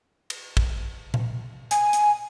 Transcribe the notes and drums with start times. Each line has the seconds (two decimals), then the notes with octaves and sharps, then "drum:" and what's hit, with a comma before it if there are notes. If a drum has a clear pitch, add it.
0.30 drum: cymbal
0.57 drum: kick
1.14 drum: tom A#2
1.71 G#5, drum: hi-hat
1.93 drum: hi-hat